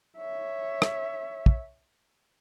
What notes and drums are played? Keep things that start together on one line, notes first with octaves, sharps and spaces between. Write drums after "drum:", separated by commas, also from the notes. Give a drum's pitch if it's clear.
C#5 E5
drum: rim click
drum: kick